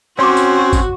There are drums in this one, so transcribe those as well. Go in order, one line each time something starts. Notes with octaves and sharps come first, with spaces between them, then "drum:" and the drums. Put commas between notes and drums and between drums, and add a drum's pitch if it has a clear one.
C4 C#4 F#4 C#5 C6 D6
drum: tambourine
drum: kick, tambourine